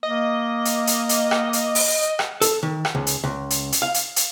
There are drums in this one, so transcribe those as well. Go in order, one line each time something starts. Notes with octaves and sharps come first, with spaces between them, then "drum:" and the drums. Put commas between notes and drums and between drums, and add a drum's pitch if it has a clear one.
A#3 D#5
drum: hi-hat
drum: hi-hat
drum: hi-hat
drum: rim click
drum: hi-hat
drum: open hi-hat
drum: rim click
A4, drum: hi-hat
D#3
drum: rim click
C#2
drum: hi-hat
C#2
drum: hi-hat
drum: hi-hat
F5
drum: hi-hat
drum: hi-hat